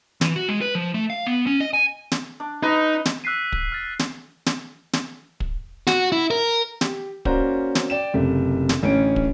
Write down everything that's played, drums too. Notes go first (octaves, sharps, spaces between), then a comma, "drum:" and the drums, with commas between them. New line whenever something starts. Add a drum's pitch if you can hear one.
E3, drum: snare
F#4
G#3
B4
F3
A3
F5
B3
C#4
D#5
G#5
drum: snare
D4
D#4 B4 D#5
drum: snare
E6 F#6 B6 C7 D#7
drum: kick
F6 A6
drum: snare
drum: snare
drum: snare
drum: kick
F#4, drum: snare
E4
A#4
G4, drum: snare
A#3 C#4 F#4 C5 D5 A#5, drum: kick
drum: snare
D5 G5 E7
F#1 C3 A3 E5
drum: snare
A1 D3 C#4 D7
drum: kick